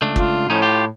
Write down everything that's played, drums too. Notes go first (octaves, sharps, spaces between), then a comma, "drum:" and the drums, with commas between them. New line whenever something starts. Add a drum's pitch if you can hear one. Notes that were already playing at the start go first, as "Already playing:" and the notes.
C#2 A3 D4
F4, drum: kick
A2 F3 C#4 D#4
F4 G4